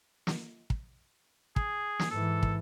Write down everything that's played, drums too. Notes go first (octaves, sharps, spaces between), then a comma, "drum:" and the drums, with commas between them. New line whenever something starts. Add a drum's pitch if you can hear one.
drum: snare
drum: kick
G#4, drum: kick
drum: snare
G#2 E3 A4
drum: kick